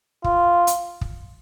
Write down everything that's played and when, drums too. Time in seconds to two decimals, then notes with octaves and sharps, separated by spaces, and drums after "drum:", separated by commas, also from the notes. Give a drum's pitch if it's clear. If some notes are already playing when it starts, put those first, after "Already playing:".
0.24 F4, drum: kick
0.67 drum: hi-hat
1.01 drum: kick